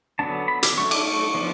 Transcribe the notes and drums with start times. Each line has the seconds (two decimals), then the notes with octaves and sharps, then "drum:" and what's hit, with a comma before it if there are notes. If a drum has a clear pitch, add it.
0.19 D3 F#3 B3 D4 A5
0.48 B5
0.63 D6, drum: hi-hat
0.77 F#3 A3 D4 C#6
0.91 D6, drum: cymbal
1.06 C#6
1.35 F3 B3 D4